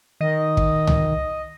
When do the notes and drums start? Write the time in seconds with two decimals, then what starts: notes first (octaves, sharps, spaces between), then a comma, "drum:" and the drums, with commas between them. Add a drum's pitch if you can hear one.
0.21 D#3 D#5
0.57 drum: kick
0.87 drum: tom